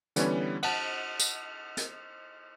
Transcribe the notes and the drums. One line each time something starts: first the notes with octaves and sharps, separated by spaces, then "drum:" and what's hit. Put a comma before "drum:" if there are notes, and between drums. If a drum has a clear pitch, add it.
D3 E3 G3 B3 C#4 C#5, drum: hi-hat
F#5 A5, drum: cymbal
drum: tambourine
drum: hi-hat